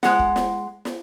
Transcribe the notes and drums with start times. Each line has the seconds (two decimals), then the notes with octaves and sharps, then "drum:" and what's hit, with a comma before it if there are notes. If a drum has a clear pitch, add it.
0.03 G#3 F#5, drum: snare
0.19 drum: kick
0.36 drum: snare
0.85 drum: snare